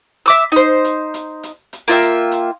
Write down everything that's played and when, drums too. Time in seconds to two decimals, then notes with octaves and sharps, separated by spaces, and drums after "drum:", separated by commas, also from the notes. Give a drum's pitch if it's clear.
0.26 E5 D6 E6
0.52 D#4 C5
0.85 drum: hi-hat
1.14 drum: hi-hat
1.43 drum: hi-hat
1.73 drum: hi-hat
1.88 A#3 F4 E5 G5
2.02 drum: hi-hat
2.32 drum: hi-hat